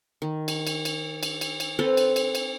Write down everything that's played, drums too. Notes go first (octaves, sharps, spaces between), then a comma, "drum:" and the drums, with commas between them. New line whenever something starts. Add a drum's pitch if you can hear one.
D#3
drum: cymbal
drum: cymbal
drum: cymbal
drum: cymbal
drum: cymbal
drum: cymbal
C4 A4 B4
drum: cymbal
drum: cymbal
drum: cymbal